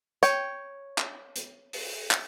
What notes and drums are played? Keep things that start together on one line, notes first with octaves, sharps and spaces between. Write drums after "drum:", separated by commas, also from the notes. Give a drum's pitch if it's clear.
C#5 G5, drum: hi-hat
drum: clap
drum: hi-hat
drum: open hi-hat
drum: clap